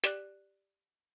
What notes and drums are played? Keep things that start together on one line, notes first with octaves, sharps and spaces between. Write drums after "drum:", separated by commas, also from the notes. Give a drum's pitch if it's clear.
G4 D5 F#6, drum: hi-hat